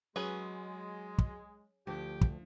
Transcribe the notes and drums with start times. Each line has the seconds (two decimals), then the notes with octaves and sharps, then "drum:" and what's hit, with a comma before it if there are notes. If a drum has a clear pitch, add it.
0.16 F#3 G#3 C#4 G#4 B4
1.18 drum: kick
1.87 D2 F3 G4 G5
2.21 drum: kick